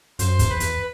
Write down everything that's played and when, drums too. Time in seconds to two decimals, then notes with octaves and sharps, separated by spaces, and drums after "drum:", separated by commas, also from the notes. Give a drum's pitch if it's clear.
0.19 F#2 C5, drum: hi-hat
0.39 E2, drum: kick, hi-hat
0.50 B4
0.60 E2, drum: hi-hat